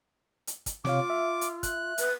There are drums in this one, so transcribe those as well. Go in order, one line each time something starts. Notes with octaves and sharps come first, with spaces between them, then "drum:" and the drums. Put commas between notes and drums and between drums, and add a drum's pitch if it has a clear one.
drum: hi-hat
drum: kick, hi-hat
C3 F4 C#5 F5 D6, drum: snare
E5
drum: hi-hat
F#6, drum: kick, hi-hat
B4, drum: hi-hat